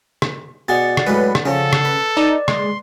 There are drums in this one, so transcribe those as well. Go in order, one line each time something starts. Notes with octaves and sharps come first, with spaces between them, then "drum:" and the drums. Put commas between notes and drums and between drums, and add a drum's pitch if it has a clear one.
drum: rim click
B2 G#4 D5 F#5 A6
drum: rim click
A2 F#3 G#3 B4
drum: rim click
C#3 F3 C#4 A4
drum: rim click
B4
D#4 D5
G#3 C6, drum: rim click